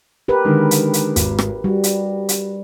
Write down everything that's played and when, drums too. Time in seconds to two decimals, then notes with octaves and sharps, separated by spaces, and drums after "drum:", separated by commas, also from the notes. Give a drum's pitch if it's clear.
0.28 G4 A#4 B4
0.45 D3 D#3 G#3
0.71 drum: hi-hat
0.93 drum: hi-hat
1.16 G#1, drum: hi-hat
1.39 drum: rim click
1.64 G3 F#4
1.84 drum: hi-hat
2.29 drum: hi-hat